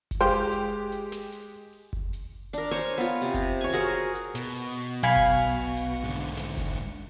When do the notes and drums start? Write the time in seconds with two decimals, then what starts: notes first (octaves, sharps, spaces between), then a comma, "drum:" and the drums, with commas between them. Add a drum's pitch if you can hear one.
0.11 drum: kick F#1, hi-hat
0.21 G#3 F4 G4 G#4 C5 G5 C6
0.51 drum: hi-hat
0.92 drum: hi-hat
1.12 drum: snare
1.32 drum: hi-hat
1.73 drum: open hi-hat
1.93 drum: kick F#1
2.13 drum: hi-hat
2.53 D4 A#4, drum: hi-hat
2.71 C5 C#5 G#5
2.98 B3 F4
3.22 C3
3.34 drum: kick F#1, hi-hat
3.61 C#5 G#5
3.73 F#4 G#4 A#4 C5, drum: hi-hat
4.15 drum: hi-hat
4.35 B2, drum: snare
4.55 drum: hi-hat
5.03 B1 F5 G#5 B5 C#7
5.16 drum: kick F#1
5.36 drum: hi-hat
5.77 drum: hi-hat
6.03 G#2 D3
6.17 drum: open hi-hat
6.37 drum: snare
6.57 drum: kick F#1, hi-hat